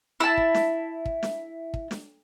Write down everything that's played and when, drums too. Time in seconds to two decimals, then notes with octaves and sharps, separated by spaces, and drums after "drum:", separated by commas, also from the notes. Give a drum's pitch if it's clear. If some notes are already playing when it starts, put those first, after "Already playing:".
0.20 E4 A5
0.37 drum: kick
0.54 drum: snare
1.06 drum: kick
1.23 drum: snare
1.74 drum: kick
1.91 drum: snare